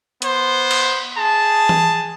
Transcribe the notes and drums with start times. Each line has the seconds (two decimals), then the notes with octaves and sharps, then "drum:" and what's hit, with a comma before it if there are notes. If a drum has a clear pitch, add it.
0.22 B3 C5, drum: hi-hat
0.71 drum: cymbal
1.15 G#4 A5
1.69 drum: tom E3